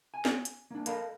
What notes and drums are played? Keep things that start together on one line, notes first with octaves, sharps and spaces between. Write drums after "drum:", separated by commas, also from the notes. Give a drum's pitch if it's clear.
G#5
drum: snare
drum: hi-hat
A#3 D4
A4 A#4 D#5 F5 A5 B5, drum: hi-hat